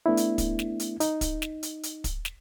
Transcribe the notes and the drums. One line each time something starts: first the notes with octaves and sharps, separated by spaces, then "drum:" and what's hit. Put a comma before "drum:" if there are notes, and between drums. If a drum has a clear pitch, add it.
A3 B3 D4 E4
drum: hi-hat
drum: kick, hi-hat
drum: snare
drum: hi-hat
D#4, drum: hi-hat
drum: kick, hi-hat
drum: snare
drum: hi-hat
drum: hi-hat
drum: kick, hi-hat
drum: snare